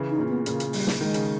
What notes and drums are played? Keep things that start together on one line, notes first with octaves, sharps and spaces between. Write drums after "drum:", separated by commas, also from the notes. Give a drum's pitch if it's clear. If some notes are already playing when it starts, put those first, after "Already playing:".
Already playing: C#3 E3
D#4
A#2 C#3
B3
A#2 C#3 A#3, drum: hi-hat
drum: hi-hat
G3, drum: open hi-hat
drum: snare
D#3 G#3
C#3, drum: hi-hat